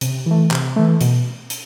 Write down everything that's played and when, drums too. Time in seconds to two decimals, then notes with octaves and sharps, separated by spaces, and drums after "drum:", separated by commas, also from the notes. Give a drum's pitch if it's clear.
0.01 C3, drum: hi-hat
0.26 E3 A3
0.51 C3, drum: clap
0.76 E3 A3
1.01 B2, drum: hi-hat
1.50 drum: hi-hat